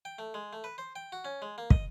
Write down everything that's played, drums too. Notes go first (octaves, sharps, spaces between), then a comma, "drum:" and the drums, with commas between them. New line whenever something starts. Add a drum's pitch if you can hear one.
G5
A3
G#3
A3
B4
C5
G5
F#4
C#4
G#3
A#3
D#5, drum: kick